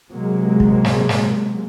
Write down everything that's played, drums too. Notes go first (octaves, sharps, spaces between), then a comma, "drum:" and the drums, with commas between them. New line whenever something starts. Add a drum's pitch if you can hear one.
C3 F#3 G#3 A#3
drum: kick
drum: snare
drum: snare